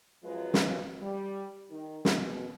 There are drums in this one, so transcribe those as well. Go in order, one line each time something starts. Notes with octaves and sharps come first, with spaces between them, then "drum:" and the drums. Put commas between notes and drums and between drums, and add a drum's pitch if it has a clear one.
F#2 F3 F#3 G#3 F4 B4
drum: snare
G3
D#3
B2 G#3, drum: snare